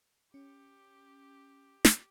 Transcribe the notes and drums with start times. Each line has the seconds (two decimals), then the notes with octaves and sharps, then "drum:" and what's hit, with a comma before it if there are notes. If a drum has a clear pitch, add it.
0.34 C#4 G4
1.85 drum: snare